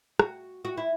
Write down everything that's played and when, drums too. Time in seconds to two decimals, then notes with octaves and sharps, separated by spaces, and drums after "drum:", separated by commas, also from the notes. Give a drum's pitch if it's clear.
0.19 F#4, drum: rim click
0.65 F#4
0.77 E4